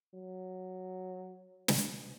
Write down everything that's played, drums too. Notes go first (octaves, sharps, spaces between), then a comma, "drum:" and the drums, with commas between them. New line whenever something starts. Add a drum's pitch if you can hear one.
F#3
drum: snare